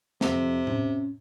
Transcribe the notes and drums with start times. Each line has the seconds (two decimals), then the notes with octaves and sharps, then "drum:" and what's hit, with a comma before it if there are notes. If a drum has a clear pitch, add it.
0.21 F2 C3, drum: snare
0.67 C#4, drum: tom A2